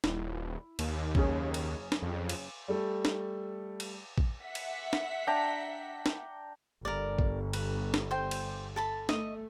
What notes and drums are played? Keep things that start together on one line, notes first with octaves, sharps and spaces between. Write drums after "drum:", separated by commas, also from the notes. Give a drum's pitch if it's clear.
D#1 E4, drum: snare
D#2, drum: cymbal
F#1 C#4 G#4, drum: kick
drum: cymbal
drum: snare
F2
drum: cymbal
G3 A3 A4
drum: snare
drum: cymbal
drum: kick
E5 F#5 B6
drum: cymbal
drum: snare
D4 G5 A#5
drum: snare
G1 A#4 D5
drum: kick
B4, drum: cymbal
drum: snare
C5 G5
drum: cymbal
A4 A5 B5
A3 D#5, drum: snare